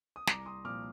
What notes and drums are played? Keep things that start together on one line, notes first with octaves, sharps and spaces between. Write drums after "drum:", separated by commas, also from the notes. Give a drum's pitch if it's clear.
D#6
C2 A#5 D6, drum: snare
C6 D#6
A#2 F3 D6 F6